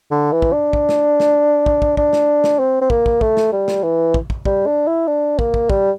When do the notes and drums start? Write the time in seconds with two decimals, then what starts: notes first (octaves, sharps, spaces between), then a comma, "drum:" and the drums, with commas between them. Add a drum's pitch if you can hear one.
0.11 D3
0.32 E3
0.42 drum: kick
0.52 D4
0.73 drum: kick
0.89 drum: snare
1.20 drum: snare
1.66 drum: kick
1.82 drum: kick
1.97 D4, drum: kick
2.13 drum: snare
2.44 drum: snare
2.59 C4
2.81 C4
2.90 A#3, drum: kick
3.06 drum: kick
3.21 A3, drum: kick
3.37 drum: snare
3.52 G3
3.68 drum: snare
3.83 E3
4.14 drum: kick
4.30 drum: kick
4.45 G3, drum: kick
4.66 D4
4.87 E4
5.07 D4
5.39 A#3, drum: kick
5.54 drum: kick
5.70 G3, drum: kick